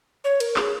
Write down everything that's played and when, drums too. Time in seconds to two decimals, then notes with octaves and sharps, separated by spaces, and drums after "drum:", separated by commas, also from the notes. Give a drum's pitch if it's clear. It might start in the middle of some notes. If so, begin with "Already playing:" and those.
0.24 C#5
0.40 A#4, drum: cymbal
0.56 G#4, drum: clap